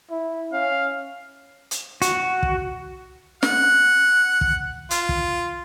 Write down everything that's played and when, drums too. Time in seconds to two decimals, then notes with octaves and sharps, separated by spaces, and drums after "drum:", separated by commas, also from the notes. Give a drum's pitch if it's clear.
0.11 E4
0.53 C#4 F5
1.71 drum: hi-hat
2.02 F#4, drum: hi-hat
2.43 drum: kick
3.43 F#5, drum: snare
4.41 drum: kick
4.91 F4, drum: hi-hat
5.09 drum: kick